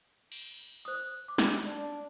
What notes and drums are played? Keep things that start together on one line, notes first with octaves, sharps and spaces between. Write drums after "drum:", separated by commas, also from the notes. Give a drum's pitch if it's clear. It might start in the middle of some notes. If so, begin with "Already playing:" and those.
drum: cymbal
C5 D#6
D6
drum: snare
D4